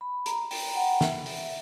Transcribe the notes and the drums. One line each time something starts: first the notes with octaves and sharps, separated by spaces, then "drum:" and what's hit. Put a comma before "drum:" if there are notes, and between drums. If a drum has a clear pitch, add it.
B5
A#5, drum: hi-hat
G5, drum: open hi-hat
F#5
E5, drum: snare
drum: open hi-hat